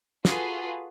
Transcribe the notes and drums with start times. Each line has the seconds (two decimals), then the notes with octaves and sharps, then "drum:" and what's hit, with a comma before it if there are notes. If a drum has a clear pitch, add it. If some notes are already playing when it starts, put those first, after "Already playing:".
0.25 F4 F#4 G#4 A4 B4, drum: snare